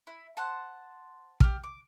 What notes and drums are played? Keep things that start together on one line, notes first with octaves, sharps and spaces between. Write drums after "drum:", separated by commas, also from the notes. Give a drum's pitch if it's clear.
E4
C5 F#5 A5
G4 F6, drum: kick
D6